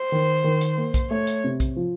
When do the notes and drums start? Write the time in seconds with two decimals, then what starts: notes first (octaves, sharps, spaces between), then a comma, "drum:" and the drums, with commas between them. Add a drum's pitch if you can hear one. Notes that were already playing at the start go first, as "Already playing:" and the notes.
Already playing: C5
0.12 D#3
0.44 D#3
0.61 drum: hi-hat
0.78 A#3
0.94 drum: kick B1, hi-hat
1.11 A3 C#5
1.27 drum: hi-hat
1.44 C3
1.60 drum: kick B1, hi-hat
1.76 F3